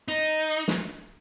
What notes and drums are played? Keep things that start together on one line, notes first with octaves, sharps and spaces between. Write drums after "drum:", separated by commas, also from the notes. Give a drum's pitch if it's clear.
D#4
drum: snare